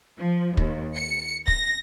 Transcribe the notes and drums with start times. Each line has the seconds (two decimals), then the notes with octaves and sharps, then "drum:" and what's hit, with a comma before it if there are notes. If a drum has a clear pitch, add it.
0.18 F3
0.57 D#2, drum: kick
0.95 C#7
1.48 A#6, drum: kick